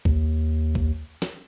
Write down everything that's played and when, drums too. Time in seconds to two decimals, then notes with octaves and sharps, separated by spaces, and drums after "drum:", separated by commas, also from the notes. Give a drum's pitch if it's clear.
0.05 D#2, drum: kick B1
0.75 drum: kick B1
1.22 drum: snare